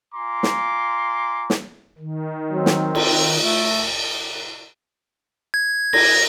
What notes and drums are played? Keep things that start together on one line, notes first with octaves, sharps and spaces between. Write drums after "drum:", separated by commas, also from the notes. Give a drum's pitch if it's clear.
F4 G#5 A#5 C6 D6
drum: snare
drum: snare
D#3
F#3 C4
drum: snare
F4, drum: cymbal
A3
G#6
A#6, drum: cymbal